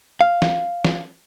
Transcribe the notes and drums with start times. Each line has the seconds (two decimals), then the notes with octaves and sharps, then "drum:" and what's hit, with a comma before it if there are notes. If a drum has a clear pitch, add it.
0.21 F5
0.42 drum: snare
0.84 drum: snare